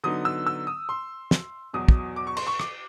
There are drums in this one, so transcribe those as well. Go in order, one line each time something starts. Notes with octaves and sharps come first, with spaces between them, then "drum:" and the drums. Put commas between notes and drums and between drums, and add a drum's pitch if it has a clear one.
D3 F#3 B3 D#4 D#6
E6
E6
D#6
C6
drum: snare
E2 B2 F#3 D#6
drum: kick
D6
C#6
C6, drum: cymbal
C#6
D6, drum: rim click